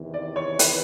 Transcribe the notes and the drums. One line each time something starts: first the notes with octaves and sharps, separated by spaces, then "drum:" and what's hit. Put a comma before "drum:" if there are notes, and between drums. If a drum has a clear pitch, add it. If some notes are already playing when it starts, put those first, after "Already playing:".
Already playing: E2 C3 D#3
D5
C#5
B4, drum: hi-hat